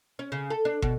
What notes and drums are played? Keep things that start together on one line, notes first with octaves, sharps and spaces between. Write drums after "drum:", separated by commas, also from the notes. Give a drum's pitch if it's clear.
C#4
C#3
A4
D4
B2, drum: kick